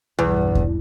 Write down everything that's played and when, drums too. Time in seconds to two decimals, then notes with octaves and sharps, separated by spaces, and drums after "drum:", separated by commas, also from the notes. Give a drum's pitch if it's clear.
0.19 B1 E2 G2
0.55 drum: kick D#2